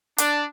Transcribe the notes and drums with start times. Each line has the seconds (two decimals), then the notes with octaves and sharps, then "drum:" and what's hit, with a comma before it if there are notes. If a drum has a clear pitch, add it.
0.18 D4, drum: hi-hat